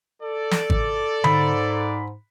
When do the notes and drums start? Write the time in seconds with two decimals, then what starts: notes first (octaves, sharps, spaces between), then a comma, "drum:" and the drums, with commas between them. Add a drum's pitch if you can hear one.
0.22 A4 D5
0.51 drum: snare
0.70 drum: kick G#1
1.24 G#2 B5, drum: tom D3